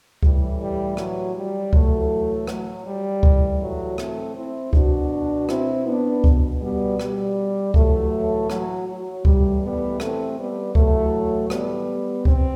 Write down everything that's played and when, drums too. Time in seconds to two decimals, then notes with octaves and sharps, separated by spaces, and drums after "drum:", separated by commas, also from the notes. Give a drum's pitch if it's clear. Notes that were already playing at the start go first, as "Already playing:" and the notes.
0.23 A2 E3 G3, drum: kick C#2
0.60 G3
0.97 F#3, drum: rim click
1.35 G3
1.73 A2 E3 F#3 A3, drum: kick C#2
2.47 F#3, drum: rim click
2.85 G3
3.23 A2 E3, drum: kick C#2
3.61 F#3 A3
3.98 A3 C4, drum: rim click
4.36 C4 E4
4.73 B2 D4 F#4, drum: kick C#2
5.49 C4 E4, drum: rim click
5.86 B3 D4
6.24 B2, drum: kick C#2
6.61 G3 B3
7.00 G3, drum: rim click
7.74 A2 E3 F#3 A3, drum: kick C#2
8.50 F#3, drum: rim click
8.87 F#3
9.25 A2 E3 G3, drum: kick C#2
9.63 G3 B3
10.00 A3 C4, drum: rim click
10.38 G3 B3
10.75 A2 E3 F#3 A3, drum: kick C#2
11.50 G3 B3, drum: rim click
12.25 C4, drum: kick C#2